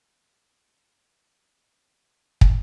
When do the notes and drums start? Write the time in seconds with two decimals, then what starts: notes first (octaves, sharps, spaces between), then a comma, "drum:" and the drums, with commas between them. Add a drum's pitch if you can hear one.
0.07 D#3 B3
0.32 E4
0.81 F2 A#2 F3 F#3
1.07 A#3 F4 G4
1.45 G3 F#4 F5 F#5
1.63 D4 G4 A#4 C5 D5 E5
2.41 drum: kick